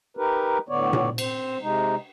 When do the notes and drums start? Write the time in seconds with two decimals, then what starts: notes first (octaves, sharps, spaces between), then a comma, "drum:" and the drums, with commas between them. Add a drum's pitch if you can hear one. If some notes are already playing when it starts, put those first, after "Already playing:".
0.17 D#4 G4 A#4 B4
0.69 A2 D3 B3 C#5 D5
0.93 drum: tom A#2
1.18 C4 C5, drum: cymbal
1.61 C3 G#3 D#4